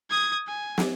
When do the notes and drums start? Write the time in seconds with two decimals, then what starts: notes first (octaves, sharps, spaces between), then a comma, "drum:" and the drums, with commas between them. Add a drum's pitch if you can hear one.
0.10 D#6 G#6
0.47 G#5
0.78 drum: snare